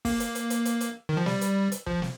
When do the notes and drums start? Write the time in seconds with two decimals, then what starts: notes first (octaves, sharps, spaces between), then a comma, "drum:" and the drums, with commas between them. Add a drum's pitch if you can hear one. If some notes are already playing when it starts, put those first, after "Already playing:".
0.05 A#3, drum: kick, open hi-hat
0.20 drum: hi-hat
0.35 drum: hi-hat
0.50 drum: hi-hat
0.65 drum: hi-hat
0.81 drum: hi-hat
1.09 D#3
1.17 F3
1.26 G3, drum: snare
1.41 drum: hi-hat
1.72 drum: hi-hat
1.86 F3, drum: kick
2.02 drum: snare